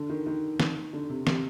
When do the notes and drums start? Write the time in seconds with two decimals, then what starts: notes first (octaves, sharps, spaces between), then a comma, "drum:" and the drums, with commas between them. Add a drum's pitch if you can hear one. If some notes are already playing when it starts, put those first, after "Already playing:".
Already playing: D3
0.09 D#3
0.26 D#3
0.60 drum: snare
0.93 D3
1.09 C3
1.27 C3, drum: snare